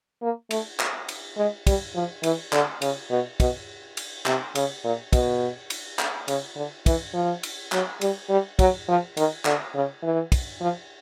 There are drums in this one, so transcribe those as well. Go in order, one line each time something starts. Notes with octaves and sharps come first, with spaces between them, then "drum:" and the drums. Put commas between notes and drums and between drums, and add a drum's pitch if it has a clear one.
A#3
A3, drum: cymbal
drum: clap
drum: cymbal
G#3
G3, drum: kick, cymbal
F3
E3, drum: cymbal
D3, drum: clap
C#3, drum: cymbal
B2
B2, drum: kick, cymbal
drum: cymbal
C3, drum: clap
C#3, drum: cymbal
A#2
B2, drum: kick, cymbal
drum: cymbal
drum: clap
C#3, drum: cymbal
D3
E3, drum: kick, cymbal
F3
drum: cymbal
F#3, drum: clap
G3, drum: cymbal
G3
F#3, drum: kick, cymbal
F3
D#3, drum: cymbal
D3, drum: clap
C#3
E3
drum: kick, cymbal
F3